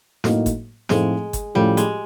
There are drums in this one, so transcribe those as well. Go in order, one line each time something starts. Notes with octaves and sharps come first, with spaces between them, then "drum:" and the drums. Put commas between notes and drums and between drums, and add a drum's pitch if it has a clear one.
A2 F#3 A#3 D#4 F#4, drum: snare
drum: kick G1, hi-hat
A2 F3 G#3 A3 C4 D#4, drum: snare
drum: kick G1, hi-hat
A2 F3 G3 A3 C#4 F4
G#3, drum: hi-hat